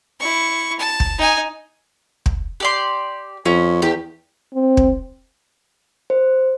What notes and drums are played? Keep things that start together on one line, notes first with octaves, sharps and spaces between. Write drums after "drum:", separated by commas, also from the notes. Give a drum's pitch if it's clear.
E4 C#6
A5
drum: kick
D#4 G#5
drum: kick
G4 D5 C6
F2 C#4
E2 G4
C4
drum: kick
C5